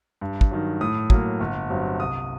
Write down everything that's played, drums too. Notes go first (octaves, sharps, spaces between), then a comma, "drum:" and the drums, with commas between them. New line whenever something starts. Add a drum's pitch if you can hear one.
G2
drum: kick
D#3 F#3
A2 D#6
F#3 A#3, drum: kick
G1
G2 F#3 C4
C2 D#6